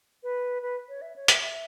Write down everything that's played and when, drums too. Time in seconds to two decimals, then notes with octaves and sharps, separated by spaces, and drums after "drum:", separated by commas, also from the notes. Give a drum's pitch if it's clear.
0.23 B4
0.62 B4
0.89 C#5
1.02 E5
1.16 C#5
1.28 E5, drum: hi-hat
1.42 E5